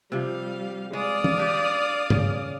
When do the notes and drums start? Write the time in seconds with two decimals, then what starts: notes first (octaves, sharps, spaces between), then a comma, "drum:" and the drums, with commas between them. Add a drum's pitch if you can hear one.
0.12 C3 F3 G3 F5
0.93 G#3 D5 F5 D#6
1.24 drum: tom
1.37 D4 G4
2.10 C#3, drum: tom G2